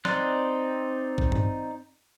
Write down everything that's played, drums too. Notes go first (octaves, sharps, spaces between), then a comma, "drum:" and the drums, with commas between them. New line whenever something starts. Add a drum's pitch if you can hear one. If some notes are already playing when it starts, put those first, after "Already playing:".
C4 D#4 D5 C6 F#6, drum: snare
drum: kick A1
drum: tom G2